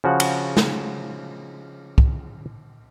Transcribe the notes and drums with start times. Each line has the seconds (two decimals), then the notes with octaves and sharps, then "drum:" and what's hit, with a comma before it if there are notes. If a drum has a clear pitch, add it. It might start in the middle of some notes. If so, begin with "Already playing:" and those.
0.04 C#3 F3 F#4 F#5
0.20 drum: cymbal
0.57 drum: snare
1.98 drum: kick C2